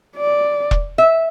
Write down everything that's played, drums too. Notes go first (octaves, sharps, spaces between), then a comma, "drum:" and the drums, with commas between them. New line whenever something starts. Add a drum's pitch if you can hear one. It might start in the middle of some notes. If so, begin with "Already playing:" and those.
D5
drum: kick E1
E5